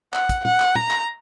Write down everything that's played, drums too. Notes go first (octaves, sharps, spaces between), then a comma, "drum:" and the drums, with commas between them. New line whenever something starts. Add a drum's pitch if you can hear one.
F#5, drum: clap
drum: kick, hi-hat
F#5, drum: tom
drum: clap
A#5, drum: tom
drum: clap